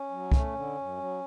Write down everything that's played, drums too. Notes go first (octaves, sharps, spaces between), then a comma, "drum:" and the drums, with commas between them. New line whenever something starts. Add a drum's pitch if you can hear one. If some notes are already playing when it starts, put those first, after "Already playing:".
Already playing: C#4
F#3
A3, drum: kick
D3
F#2
F#3